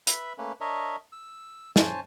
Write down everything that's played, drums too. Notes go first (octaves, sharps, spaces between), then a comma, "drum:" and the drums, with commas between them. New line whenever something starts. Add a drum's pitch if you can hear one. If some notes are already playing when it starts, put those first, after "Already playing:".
B4 E5 B5, drum: hi-hat
A3 A#3 C#4 B4
D4 A#4 C#5 D#5 E5
E6
C#4 C5 G#5 A5, drum: snare